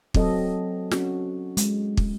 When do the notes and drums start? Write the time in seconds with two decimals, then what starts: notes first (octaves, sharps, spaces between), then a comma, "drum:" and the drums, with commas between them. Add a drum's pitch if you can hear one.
0.14 F#3 C4 A4 D#5, drum: kick
0.91 C#4 F#4, drum: snare
1.57 G#3, drum: hi-hat
1.97 drum: kick